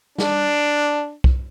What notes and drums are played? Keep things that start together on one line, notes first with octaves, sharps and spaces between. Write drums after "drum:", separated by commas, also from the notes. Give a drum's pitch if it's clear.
D4, drum: snare
drum: kick